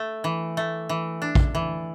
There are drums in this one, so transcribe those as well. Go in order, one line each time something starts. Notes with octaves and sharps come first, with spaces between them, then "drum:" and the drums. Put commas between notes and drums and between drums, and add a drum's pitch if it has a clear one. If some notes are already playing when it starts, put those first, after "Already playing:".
Already playing: A3
E3
A3
E3
D4
drum: kick A#1
E3